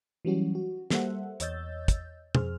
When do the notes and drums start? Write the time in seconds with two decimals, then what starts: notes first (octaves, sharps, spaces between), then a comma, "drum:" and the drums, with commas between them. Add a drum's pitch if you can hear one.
0.25 E3 F#3 G3 C#4 F#4
0.55 F#4
0.90 G3 A#3 A4 C5 E5 F#5, drum: snare
1.40 E2 C#5 D#5 E6 G6 A6, drum: hi-hat
1.88 drum: kick, hi-hat
2.35 F2 G#4 C5 F6, drum: tom